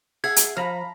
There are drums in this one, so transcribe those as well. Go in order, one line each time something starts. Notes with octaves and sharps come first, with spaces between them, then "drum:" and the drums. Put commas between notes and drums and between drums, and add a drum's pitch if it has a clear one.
G#4 E5 F#5 G#6
drum: hi-hat
F3 F5 A#5 B5